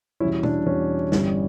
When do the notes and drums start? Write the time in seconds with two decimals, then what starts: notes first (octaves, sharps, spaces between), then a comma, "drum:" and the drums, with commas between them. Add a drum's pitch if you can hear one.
0.20 E2 B2 G3 C#4 E4
0.43 D4, drum: tom B2
0.66 E2 B2 G3 C#4
1.12 G1 G2 E3 G3 C#4, drum: snare